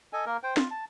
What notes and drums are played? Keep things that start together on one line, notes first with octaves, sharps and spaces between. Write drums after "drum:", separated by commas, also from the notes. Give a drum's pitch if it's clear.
A4 D#5 G#5
A#3 A#4
C5 G5
F4, drum: snare
A5